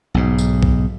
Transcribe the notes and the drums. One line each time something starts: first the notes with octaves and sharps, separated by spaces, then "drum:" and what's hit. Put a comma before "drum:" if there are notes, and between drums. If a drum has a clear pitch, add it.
B1 G#2
drum: tambourine
drum: kick